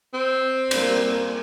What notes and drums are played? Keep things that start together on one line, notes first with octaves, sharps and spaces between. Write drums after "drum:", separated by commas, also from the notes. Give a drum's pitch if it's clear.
C4
G3 A#3, drum: cymbal